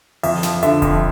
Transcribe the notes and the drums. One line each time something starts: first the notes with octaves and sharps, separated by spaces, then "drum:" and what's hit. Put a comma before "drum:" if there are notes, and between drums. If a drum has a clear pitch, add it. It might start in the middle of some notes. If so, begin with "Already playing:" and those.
F2 E5, drum: open hi-hat
F3, drum: snare
D3 E5, drum: hi-hat
F2, drum: kick E1, hi-hat